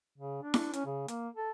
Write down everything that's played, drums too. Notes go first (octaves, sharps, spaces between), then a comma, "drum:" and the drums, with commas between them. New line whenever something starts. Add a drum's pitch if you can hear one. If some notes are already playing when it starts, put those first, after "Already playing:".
C#3
D4
drum: snare E4
C#4, drum: hi-hat
C#3
A#3, drum: hi-hat
A4